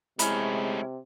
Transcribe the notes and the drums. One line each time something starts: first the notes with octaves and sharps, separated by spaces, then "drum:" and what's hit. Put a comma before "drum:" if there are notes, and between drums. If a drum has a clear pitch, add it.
C3 G#3 A3 C#4 D#4 E4, drum: hi-hat